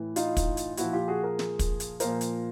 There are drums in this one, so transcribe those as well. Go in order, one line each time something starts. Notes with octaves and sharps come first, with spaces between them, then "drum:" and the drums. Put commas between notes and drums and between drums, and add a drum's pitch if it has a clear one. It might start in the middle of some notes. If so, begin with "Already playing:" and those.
Already playing: A2 E3
D#4 F4, drum: hi-hat
drum: kick, hi-hat
drum: hi-hat
A#2 F3 E4 F#4, drum: hi-hat
F4 G4
F#4 G#4
G#4 A#4
drum: snare
drum: kick, hi-hat
drum: hi-hat
A#2 F3 A#4 C5, drum: hi-hat
drum: hi-hat